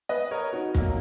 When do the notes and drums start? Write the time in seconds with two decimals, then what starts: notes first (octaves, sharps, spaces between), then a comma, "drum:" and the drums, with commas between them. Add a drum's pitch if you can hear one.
0.09 B4 D#5
0.31 A#4 C#5
0.53 D#4 F#4
0.75 B2 F#3 A#3, drum: kick, hi-hat